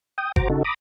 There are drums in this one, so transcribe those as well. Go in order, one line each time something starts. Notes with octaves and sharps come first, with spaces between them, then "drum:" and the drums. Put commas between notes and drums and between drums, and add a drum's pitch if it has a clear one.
G5 D#6
F#4 C5 A#5 D6, drum: kick G1
C#3 D#4 F#4 A4
A#5 B5 D6 D#6